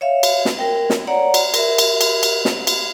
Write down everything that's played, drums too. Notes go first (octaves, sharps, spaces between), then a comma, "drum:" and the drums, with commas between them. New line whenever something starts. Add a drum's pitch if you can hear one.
C#5 E5 F5
drum: cymbal
drum: snare
A#4 G5
drum: snare
C#5 D5 F#5 A#5
drum: cymbal
A#4 E5, drum: cymbal
drum: cymbal
drum: cymbal
drum: cymbal
drum: snare
drum: cymbal